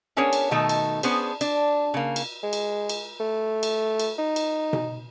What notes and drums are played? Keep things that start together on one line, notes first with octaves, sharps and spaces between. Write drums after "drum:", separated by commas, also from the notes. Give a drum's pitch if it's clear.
B3 C#4 D4 G#4 A#4 C#5
drum: cymbal
B2 D#3 A3 D#4 A4
drum: cymbal
B3 C#4 D4 G#4 C5, drum: cymbal
D4, drum: cymbal
C#3 A#3
drum: cymbal
G#3
drum: cymbal
drum: cymbal
A3
drum: cymbal
drum: cymbal
D#4
drum: cymbal
drum: tom B2